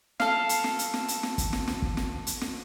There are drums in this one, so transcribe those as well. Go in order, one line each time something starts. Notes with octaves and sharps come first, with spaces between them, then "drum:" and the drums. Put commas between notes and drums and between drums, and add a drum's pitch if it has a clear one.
A4 F5, drum: snare
drum: hi-hat
drum: snare
drum: hi-hat
drum: snare
drum: hi-hat
drum: snare
drum: kick, hi-hat
drum: snare
drum: snare
drum: kick
drum: snare
drum: hi-hat
drum: snare